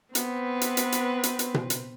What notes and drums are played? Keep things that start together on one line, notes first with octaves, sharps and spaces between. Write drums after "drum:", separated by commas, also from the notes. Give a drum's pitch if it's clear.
B3 C4 B4, drum: hi-hat
drum: hi-hat
drum: hi-hat
drum: hi-hat
drum: hi-hat
drum: hi-hat
drum: tom B2
drum: hi-hat